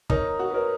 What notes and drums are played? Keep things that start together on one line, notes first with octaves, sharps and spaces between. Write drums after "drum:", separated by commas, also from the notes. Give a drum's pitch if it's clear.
D#4 A#4 C#5, drum: kick
F#4
B4
A#4 C#5